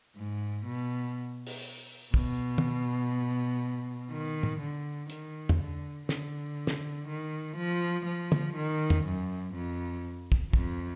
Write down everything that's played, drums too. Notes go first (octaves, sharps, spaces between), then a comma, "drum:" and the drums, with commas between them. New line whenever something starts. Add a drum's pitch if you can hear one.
G#2
B2
drum: open hi-hat
B2, drum: kick
drum: tom
D#3
drum: tom
D3
D#3, drum: hi-hat
drum: tom
D3
D3, drum: snare
drum: snare
D#3
F3
F3
drum: tom
D#3
drum: tom
F#2
F2
drum: kick
F2, drum: kick